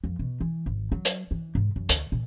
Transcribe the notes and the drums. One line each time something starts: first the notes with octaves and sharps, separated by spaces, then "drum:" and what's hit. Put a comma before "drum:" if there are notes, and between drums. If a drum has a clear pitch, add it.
F2
B2
E3
G#1
F#3
drum: hi-hat
E3
G#2
F#2
D2, drum: hi-hat
A#2